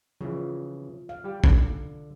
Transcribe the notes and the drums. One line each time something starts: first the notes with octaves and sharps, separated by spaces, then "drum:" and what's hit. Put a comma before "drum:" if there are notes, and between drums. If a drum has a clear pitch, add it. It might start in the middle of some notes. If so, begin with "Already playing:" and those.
C#3 E3 F3
F5
G3 G4
D3, drum: kick